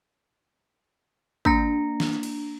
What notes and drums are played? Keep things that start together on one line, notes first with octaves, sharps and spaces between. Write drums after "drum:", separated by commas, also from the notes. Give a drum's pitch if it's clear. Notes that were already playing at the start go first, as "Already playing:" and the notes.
A#3 D4 A#5 A#6 C#7, drum: kick
drum: snare
drum: cymbal